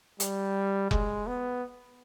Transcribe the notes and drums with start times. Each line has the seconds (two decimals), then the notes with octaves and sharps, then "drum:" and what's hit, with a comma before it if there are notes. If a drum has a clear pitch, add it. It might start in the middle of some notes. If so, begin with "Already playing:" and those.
0.20 G3, drum: hi-hat
0.91 G#3, drum: kick F1
1.27 B3